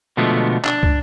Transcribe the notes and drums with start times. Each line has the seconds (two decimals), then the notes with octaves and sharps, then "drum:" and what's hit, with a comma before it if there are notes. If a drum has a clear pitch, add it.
0.17 B2 D3 F3 G#3 A3 B3
0.65 D4, drum: clap
0.83 drum: kick